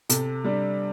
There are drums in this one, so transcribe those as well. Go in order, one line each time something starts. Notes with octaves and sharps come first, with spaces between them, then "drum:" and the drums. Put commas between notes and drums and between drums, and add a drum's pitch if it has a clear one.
C3 A4, drum: hi-hat
G3 D4